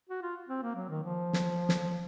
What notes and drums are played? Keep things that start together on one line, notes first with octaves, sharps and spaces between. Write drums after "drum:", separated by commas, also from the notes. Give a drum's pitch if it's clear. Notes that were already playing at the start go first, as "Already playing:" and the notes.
F#4
F4
C4
A#3
F#3
D#3
F3
drum: snare
drum: snare